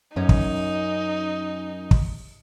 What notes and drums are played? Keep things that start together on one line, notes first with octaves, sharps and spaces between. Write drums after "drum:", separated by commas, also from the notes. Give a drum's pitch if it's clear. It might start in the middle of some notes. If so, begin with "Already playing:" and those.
F#2 C#4 D#4
drum: kick
drum: kick